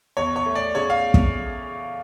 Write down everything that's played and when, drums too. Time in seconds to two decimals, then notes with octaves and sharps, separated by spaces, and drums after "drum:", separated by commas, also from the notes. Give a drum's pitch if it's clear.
0.17 E2 C#5
0.36 C#5
0.46 A3
0.55 D5
0.75 C#3 C#5
0.90 F5
1.14 drum: kick